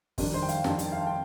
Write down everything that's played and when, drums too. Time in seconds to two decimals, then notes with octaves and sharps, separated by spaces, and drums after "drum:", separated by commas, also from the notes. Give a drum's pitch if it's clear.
0.18 F2 D#3 G3 D4, drum: kick G1, open hi-hat
0.34 C5
0.42 G5
0.49 F5, drum: hi-hat
0.64 F2 D#3 G3 D4 A5, drum: snare
0.79 G5, drum: hi-hat
0.92 F5
1.07 G5